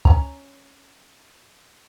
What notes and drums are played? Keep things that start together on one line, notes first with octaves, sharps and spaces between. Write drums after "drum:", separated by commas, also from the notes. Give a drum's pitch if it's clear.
C#4 A#5, drum: kick